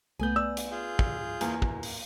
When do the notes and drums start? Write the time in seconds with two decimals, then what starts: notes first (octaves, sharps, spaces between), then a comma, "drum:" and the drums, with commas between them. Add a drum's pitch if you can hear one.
0.19 C2 A3 B3 G#5 G6
0.36 D5 E6
0.57 drum: hi-hat
0.72 F4 G#4 G6
0.99 drum: kick
1.41 E2 A#3, drum: hi-hat
1.62 drum: kick
1.83 drum: open hi-hat